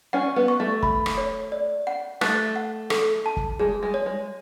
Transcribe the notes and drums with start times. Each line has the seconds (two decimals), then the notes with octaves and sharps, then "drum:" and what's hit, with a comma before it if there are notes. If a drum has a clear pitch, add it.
0.13 C#4 F#5
0.36 B3
0.48 C#6
0.60 A3
0.83 B5, drum: kick
1.06 drum: rim click
1.18 C#5
1.52 D5
1.87 F#5
2.21 A3 F#6, drum: rim click
2.56 F#5
2.90 A4, drum: rim click
3.26 A5
3.37 drum: kick
3.59 G#3 G#4
3.83 G#3
3.94 C#5
4.06 G#3